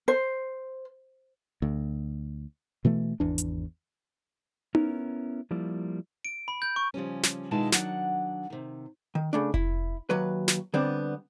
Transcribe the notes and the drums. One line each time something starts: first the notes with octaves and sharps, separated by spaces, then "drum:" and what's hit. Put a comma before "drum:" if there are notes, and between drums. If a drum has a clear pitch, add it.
C5
D2
B2 E3 A3
G#1 E2 D4
drum: hi-hat
B3 C#4 E4 A#4, drum: tom D#4
F3 G3 A#3 E4
D7
B5
G6
C#6
C#3 F3 G3 C#4
drum: snare
B2 D#3 G#3 E4 F4 A5
D#3 F#3 D4 F#5, drum: snare
C3 D#3
D#3
C#3 A3 D4
E4, drum: kick F1
D#2 F#3 B4
drum: snare
D3 G3 B3 C4 D4